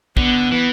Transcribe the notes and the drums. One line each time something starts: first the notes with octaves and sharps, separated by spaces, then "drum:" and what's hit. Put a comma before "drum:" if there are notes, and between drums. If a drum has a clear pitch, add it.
D3 B3, drum: kick
E3